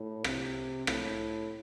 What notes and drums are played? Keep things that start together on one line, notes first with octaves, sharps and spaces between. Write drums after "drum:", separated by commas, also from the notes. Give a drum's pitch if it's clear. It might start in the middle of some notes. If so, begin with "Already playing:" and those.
Already playing: A2
C3, drum: rim click
A2, drum: rim click